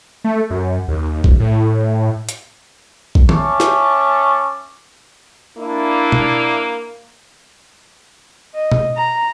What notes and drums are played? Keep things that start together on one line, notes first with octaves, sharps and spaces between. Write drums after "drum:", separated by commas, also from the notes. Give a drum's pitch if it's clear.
A3
F#2
D#2
D1, drum: kick A#1
A2
drum: hi-hat
drum: kick A#1
C#4 E5 A5 C#6 D6, drum: tom D#3
drum: snare
A#3 D4 E4
drum: tom B2
D#5
drum: tom B2
A#5